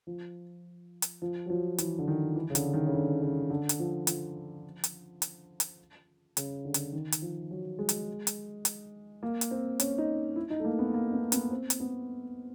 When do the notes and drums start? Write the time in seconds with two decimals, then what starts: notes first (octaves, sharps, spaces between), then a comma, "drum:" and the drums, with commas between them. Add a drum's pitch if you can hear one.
0.07 F3
1.02 drum: hi-hat
1.22 F3
1.46 F#3
1.50 F3
1.78 E3, drum: hi-hat
1.98 D3
2.08 D#3
2.36 E3
2.50 C#3
2.55 D3, drum: hi-hat
2.74 D#3
2.86 C#3
2.94 D3
3.22 C#3
3.50 D3
3.69 drum: hi-hat
3.79 F3
4.07 F3, drum: hi-hat
4.84 drum: hi-hat
5.22 drum: hi-hat
5.60 drum: hi-hat
6.37 C#3, drum: hi-hat
6.65 D3
6.74 drum: hi-hat
6.93 D#3
7.12 drum: hi-hat
7.22 F3
7.51 F#3
7.79 G#3
7.89 drum: hi-hat
8.27 drum: hi-hat
8.65 drum: hi-hat
9.23 A#3
9.41 drum: hi-hat
9.51 C4
9.80 C#4, drum: hi-hat
9.98 D#4
10.36 E4
10.50 D#4
10.60 A3
10.65 A#3
10.79 B3
10.94 A#3
11.13 B3
11.32 B3, drum: hi-hat
11.51 C4
11.70 drum: hi-hat
11.80 B3